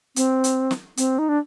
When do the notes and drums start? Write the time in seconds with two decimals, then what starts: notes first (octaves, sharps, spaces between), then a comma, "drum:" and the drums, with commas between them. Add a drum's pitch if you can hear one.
0.16 C4, drum: hi-hat
0.44 drum: hi-hat
0.71 drum: snare
0.97 C4, drum: hi-hat
1.19 D#4
1.29 D4